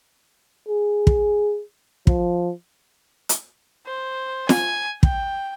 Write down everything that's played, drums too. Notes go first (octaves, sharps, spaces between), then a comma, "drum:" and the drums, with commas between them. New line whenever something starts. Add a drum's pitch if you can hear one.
G#4
drum: kick
F3, drum: kick
drum: hi-hat
C5
G#5, drum: snare
G5, drum: kick